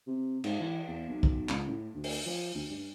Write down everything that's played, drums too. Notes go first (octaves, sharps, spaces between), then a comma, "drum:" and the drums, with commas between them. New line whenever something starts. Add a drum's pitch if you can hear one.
C3
G#2, drum: cymbal
E3
E2
B1
drum: kick A#1
C#2, drum: clap
A2
D2
drum: open hi-hat
F3
D2
G2